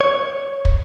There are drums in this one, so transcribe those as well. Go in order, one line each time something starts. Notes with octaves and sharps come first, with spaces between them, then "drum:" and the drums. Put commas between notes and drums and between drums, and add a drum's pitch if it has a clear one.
C#5
drum: kick